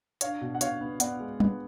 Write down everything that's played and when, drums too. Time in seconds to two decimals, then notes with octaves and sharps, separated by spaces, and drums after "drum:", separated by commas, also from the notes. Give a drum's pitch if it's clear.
0.21 D4 C#5 F5, drum: hi-hat
0.41 B2
0.55 F#5
0.61 B2 C#5 F5, drum: hi-hat
0.81 B3
1.00 B3 D5 F#5, drum: hi-hat
1.20 G#3
1.40 B3, drum: tom G3